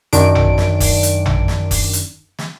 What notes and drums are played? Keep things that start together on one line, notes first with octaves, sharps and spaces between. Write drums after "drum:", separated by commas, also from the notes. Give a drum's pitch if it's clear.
F#2 D#3 D4 D7, drum: hi-hat
drum: tom A1
drum: snare
drum: kick, open hi-hat
drum: hi-hat
drum: tom A1
drum: snare
drum: kick, open hi-hat
drum: hi-hat
drum: snare